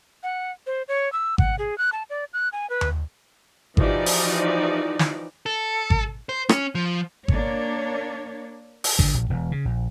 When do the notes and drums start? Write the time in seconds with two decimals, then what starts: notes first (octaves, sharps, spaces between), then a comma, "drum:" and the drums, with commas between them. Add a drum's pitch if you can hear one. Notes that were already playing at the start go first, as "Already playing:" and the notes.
0.23 F#5
0.67 C5
0.88 C#5
1.13 E6
1.38 F#5, drum: kick G#1
1.59 G#4
1.78 F#6
1.92 A5
2.10 D5
2.33 F#6
2.53 G#5
2.70 B4
2.81 drum: tom D#2
3.77 E3 F3 D#4 F#4 G4 D5, drum: kick G#1
4.06 drum: open hi-hat
4.99 drum: snare
5.46 A4
5.90 drum: kick G#1
6.29 C5
6.49 C#4, drum: rim click
6.75 F3
7.28 A#3 D4 C#5, drum: kick G#1
8.84 drum: open hi-hat
8.99 D3, drum: kick G#1
9.14 A#1
9.30 E1
9.52 C#3
9.65 A#1